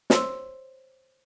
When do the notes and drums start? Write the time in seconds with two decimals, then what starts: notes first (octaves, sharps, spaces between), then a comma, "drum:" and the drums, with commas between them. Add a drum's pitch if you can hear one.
0.10 C5 C#5 C6 E6, drum: snare